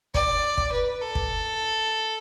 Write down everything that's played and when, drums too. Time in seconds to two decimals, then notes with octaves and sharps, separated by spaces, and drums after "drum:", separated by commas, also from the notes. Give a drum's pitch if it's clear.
0.14 D5, drum: kick
0.58 drum: kick
0.72 B4
1.01 A4
1.15 drum: kick